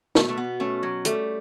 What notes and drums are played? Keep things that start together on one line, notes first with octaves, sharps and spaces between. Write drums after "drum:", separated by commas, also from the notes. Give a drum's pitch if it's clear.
B2 A3, drum: snare
A3
B3
A3 C#4
F#3
G3 A3, drum: hi-hat